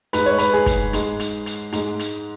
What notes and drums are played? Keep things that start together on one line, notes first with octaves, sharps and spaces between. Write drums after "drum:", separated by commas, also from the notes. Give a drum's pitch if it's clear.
G#2 G#3 B4, drum: hi-hat
C#5
B4, drum: hi-hat
G#4
drum: kick, hi-hat
G#2 G#3, drum: hi-hat
drum: hi-hat
drum: hi-hat
G#2 G#3, drum: hi-hat
drum: hi-hat